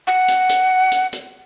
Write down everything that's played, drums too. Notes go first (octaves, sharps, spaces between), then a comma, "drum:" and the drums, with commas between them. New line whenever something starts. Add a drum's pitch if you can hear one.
F#5
drum: hi-hat
drum: hi-hat
drum: hi-hat
drum: hi-hat